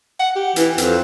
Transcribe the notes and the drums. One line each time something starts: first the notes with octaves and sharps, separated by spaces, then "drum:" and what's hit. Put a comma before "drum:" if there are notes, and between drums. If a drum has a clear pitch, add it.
F#5
G4
E3, drum: hi-hat
F2, drum: hi-hat